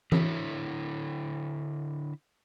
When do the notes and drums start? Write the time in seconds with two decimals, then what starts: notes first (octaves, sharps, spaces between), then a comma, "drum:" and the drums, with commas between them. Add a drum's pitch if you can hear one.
0.12 D3 E4 C#5, drum: tom E3